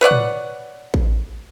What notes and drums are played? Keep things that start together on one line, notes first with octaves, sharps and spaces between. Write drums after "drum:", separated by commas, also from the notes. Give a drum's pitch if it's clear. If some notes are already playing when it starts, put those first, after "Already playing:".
B4 C#5 D5 F#5
drum: tom A2
drum: kick A1